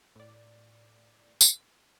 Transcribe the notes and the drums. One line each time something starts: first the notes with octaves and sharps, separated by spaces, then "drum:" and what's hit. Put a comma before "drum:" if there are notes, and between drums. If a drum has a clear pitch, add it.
A2 D5
drum: tambourine